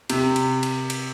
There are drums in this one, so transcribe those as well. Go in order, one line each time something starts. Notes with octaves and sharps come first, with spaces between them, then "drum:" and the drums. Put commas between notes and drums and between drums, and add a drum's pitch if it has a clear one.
C3, drum: cymbal
drum: cymbal
drum: cymbal
drum: cymbal